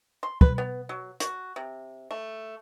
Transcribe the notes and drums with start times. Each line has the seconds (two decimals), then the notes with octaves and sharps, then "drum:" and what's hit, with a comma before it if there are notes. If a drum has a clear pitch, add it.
0.23 C6
0.41 B4, drum: kick
0.58 B3
0.89 F#3
1.20 F#4, drum: hi-hat
1.56 C3
2.11 A3